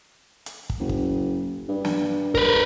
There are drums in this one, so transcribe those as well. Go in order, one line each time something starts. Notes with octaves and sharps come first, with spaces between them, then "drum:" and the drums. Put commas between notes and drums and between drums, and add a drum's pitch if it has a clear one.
drum: hi-hat
drum: kick
F#1
drum: kick
G2
drum: snare
A#4 B4, drum: kick